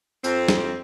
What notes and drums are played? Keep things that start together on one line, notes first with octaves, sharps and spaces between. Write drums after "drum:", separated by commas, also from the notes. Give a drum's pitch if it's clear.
F2 C4, drum: tambourine
drum: snare